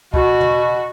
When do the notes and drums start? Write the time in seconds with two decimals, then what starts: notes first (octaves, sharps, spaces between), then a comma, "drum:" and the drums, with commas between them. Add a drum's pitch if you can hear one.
0.14 B2 F#4, drum: kick
0.40 drum: tom